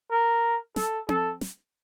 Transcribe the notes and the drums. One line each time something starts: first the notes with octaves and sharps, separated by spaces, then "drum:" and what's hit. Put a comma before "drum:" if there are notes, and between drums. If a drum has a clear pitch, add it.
A#4
A4, drum: snare
A4, drum: tom C4
drum: snare